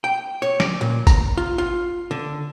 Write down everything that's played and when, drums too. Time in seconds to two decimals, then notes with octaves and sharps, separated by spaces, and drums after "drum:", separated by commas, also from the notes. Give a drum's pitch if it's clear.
0.04 G5
0.42 C#5
0.60 D5, drum: snare
0.81 A#2
1.07 A#5, drum: kick G#1, tambourine
1.37 F4
1.58 F4
2.11 D3